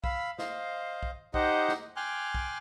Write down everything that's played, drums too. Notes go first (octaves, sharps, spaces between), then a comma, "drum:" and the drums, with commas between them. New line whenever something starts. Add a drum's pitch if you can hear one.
F5 B5 E6, drum: kick B1
C5 D#5 F5, drum: snare
drum: kick B1
D#4 G4 C5 D#5 F#5, drum: kick B1
drum: snare
G5 G#5 C6 D6 F6 F#6
drum: kick B1